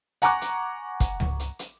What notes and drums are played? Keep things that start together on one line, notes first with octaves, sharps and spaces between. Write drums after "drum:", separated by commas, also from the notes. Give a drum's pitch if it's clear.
F#5 G#5 A#5 C#6 D6 F#6, drum: hi-hat
drum: hi-hat
drum: kick, hi-hat
drum: tom C#2
drum: hi-hat
drum: hi-hat